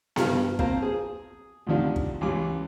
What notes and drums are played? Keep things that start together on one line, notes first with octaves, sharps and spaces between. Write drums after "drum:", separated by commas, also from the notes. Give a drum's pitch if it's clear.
G2 F3 F6, drum: snare B3
A#3 C4 F4 C5 A5 A#5, drum: kick
G#4
D2 C3 D#3 F3 D4
drum: kick
C#2 E3 G3 D6